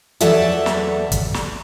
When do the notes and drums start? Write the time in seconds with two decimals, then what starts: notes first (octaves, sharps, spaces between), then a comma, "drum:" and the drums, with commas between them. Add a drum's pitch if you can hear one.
0.20 E2 F#3 A4 D5 E5 F#5, drum: hi-hat
0.66 drum: snare
1.12 drum: kick, hi-hat
1.34 drum: snare